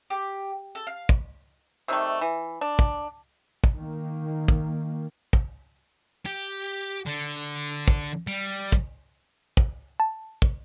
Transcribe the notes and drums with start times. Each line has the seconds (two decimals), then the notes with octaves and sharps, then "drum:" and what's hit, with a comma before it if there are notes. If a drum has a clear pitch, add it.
0.10 G4
0.75 A4
0.87 F5
1.09 drum: kick
1.88 C3 D#3 G3 A3
2.21 E3
2.61 D4
2.79 drum: kick
3.64 drum: kick
3.75 D#3 A#3
4.48 drum: kick
5.33 drum: kick
6.26 G4
7.06 D3
7.88 drum: kick
8.27 G3
8.72 drum: kick
9.57 drum: kick
10.00 A5
10.42 drum: kick